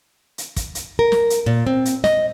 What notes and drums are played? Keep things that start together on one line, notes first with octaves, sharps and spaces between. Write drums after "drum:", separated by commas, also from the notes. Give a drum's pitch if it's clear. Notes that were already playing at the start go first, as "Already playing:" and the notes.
drum: hi-hat
drum: kick, hi-hat
drum: hi-hat
A#4
drum: snare
drum: hi-hat
A#2
C4
drum: hi-hat
D#5, drum: snare